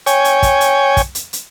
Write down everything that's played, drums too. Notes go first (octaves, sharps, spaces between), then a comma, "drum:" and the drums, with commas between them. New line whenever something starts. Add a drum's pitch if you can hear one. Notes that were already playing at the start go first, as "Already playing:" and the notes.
C#5 G5 G#5, drum: hi-hat
drum: hi-hat
drum: kick, hi-hat
drum: hi-hat
drum: kick, hi-hat
drum: hi-hat
drum: hi-hat